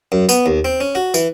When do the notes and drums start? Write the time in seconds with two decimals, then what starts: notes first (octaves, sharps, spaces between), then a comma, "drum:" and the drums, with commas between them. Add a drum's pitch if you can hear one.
0.12 F#2
0.29 B3, drum: tambourine
0.46 D#2
0.65 C4
0.80 C#4
0.95 F#4
1.14 E3, drum: tambourine